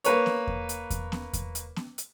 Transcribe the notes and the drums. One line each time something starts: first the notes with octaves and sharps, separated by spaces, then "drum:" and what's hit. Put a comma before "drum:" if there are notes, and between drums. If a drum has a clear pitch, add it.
A#3 B4 C#5, drum: hi-hat
drum: snare
drum: kick E2
drum: hi-hat
drum: kick E2, hi-hat
drum: snare
drum: kick E2, hi-hat
drum: hi-hat
drum: snare
drum: hi-hat